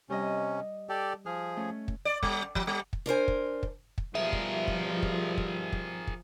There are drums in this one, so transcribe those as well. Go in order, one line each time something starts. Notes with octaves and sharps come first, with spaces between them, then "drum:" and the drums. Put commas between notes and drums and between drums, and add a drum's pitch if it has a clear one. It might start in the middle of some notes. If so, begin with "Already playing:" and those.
C3 G3 C#4 D#5
G4 A4 D5
F3 G#4 F6
A3 C#4
drum: kick
D5
G3, drum: kick
F3, drum: kick
G3
drum: kick
D4 A#4 C5 G#5
drum: kick
drum: kick
drum: kick
B2 F3 G3 G#4 A#4 E5
drum: kick
drum: kick
drum: kick
drum: kick
drum: kick
drum: kick